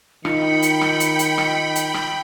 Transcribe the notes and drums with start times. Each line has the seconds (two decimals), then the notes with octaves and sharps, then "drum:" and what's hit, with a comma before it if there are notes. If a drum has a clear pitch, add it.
0.25 D#3 D#4 F4 G5 B5 C#7, drum: rim click
0.62 drum: hi-hat
0.81 drum: rim click
1.00 drum: hi-hat
1.19 drum: hi-hat
1.38 drum: rim click
1.75 drum: hi-hat
1.94 drum: rim click